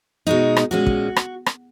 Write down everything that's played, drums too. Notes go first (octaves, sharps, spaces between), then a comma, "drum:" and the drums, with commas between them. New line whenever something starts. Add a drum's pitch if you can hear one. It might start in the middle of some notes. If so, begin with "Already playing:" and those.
B2 G#3 D#4 F#4
drum: rim click
A#2 G#3 C#4 F#4
drum: kick
drum: rim click
drum: rim click